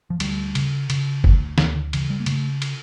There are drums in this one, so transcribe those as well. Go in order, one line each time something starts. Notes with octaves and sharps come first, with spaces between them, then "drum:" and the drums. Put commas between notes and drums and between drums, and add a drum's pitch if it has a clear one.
F3
D2 G3, drum: cymbal
C#3, drum: cymbal
C#3, drum: cymbal
D2, drum: kick F#1
D2 F3, drum: snare
D3
C#3 E3, drum: cymbal
G3
A#3
C#3 A3, drum: cymbal
drum: cymbal